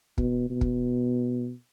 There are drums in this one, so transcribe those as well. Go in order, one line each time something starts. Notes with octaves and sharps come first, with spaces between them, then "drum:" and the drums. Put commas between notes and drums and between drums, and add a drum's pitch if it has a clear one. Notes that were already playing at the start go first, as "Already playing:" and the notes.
B2, drum: kick
B2
drum: kick